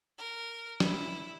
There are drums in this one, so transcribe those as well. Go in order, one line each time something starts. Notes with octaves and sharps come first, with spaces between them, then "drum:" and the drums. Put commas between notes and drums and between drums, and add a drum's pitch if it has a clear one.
A#4
E4, drum: snare